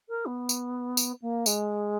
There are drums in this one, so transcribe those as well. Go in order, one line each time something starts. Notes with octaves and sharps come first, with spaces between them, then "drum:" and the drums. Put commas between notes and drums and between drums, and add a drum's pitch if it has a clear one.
A#4
B3
drum: tambourine
drum: tambourine
A#3
G#3, drum: tambourine